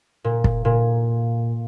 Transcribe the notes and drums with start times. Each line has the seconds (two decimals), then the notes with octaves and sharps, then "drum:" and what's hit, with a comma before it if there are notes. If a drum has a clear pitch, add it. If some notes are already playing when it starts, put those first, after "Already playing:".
0.24 A#2
0.44 drum: kick
0.65 A#2